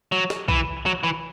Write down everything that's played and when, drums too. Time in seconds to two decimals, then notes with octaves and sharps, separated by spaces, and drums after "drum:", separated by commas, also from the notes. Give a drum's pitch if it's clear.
0.12 F#3
0.30 drum: snare
0.48 E3, drum: kick
0.86 F#3
1.04 E3